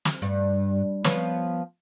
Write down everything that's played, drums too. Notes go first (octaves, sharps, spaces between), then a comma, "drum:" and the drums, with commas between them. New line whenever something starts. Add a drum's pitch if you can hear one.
drum: snare
G2
F3 B3 C#5, drum: snare